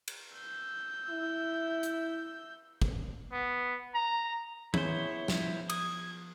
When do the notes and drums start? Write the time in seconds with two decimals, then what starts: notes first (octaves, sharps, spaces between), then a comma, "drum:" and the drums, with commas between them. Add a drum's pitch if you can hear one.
0.08 drum: cymbal
0.34 E6 G6
1.10 E4
1.83 drum: hi-hat
2.82 drum: kick
3.33 B3
3.95 A#5
4.74 B3 E4 G#4 C5 C#5, drum: tom D#3
5.28 F3, drum: snare
5.70 D#6 G#6, drum: cymbal